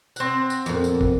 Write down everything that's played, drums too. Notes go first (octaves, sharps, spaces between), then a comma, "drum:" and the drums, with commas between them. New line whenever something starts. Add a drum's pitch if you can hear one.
C4 F#5, drum: tambourine
drum: tambourine
F2 A#2 B3, drum: tambourine
drum: tambourine
drum: kick